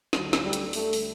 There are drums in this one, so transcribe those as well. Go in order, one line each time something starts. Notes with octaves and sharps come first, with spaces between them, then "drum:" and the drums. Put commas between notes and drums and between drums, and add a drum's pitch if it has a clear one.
D2 D3 F#3, drum: snare
drum: snare
G3
drum: hi-hat
A3, drum: open hi-hat
drum: open hi-hat